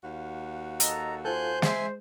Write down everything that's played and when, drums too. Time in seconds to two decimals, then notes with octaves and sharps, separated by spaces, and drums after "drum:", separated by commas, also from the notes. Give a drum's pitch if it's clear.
0.02 D#2 F#4 F5
0.80 A4 D#5 A#5 E6, drum: hi-hat
1.25 F4 A4 C5 G#5 F#6 G6
1.62 G#3 E5 G#5 C6, drum: snare